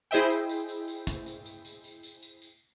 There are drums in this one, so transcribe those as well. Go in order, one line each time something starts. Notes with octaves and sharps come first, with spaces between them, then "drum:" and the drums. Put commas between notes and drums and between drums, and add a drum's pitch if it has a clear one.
E4 G#4 C5 D#5 E5 G5
drum: tambourine
drum: tambourine
drum: tambourine
drum: tambourine
drum: kick, tambourine
drum: tambourine
drum: tambourine
drum: tambourine
drum: tambourine
drum: tambourine
drum: tambourine
drum: tambourine